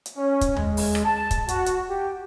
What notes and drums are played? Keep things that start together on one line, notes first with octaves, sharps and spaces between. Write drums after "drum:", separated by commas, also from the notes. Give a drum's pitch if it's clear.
drum: hi-hat
C#4
drum: kick, hi-hat
G#3, drum: tom D#2
drum: open hi-hat
drum: rim click
A5
drum: kick, hi-hat
F#4, drum: hi-hat
drum: hi-hat
G4